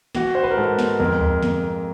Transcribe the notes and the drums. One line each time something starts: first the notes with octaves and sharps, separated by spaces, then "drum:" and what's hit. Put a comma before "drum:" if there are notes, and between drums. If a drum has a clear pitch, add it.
E3 F#4, drum: snare
C5
B4
A#4
G#2 A4
drum: snare
F2 A#4
drum: kick D2
F2, drum: snare